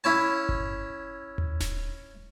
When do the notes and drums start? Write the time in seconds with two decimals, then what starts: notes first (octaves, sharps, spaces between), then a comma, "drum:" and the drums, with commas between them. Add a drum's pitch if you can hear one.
0.04 C#4 E4 C#5 A5
0.49 drum: kick G1
1.38 drum: tom D#2
1.60 drum: snare D1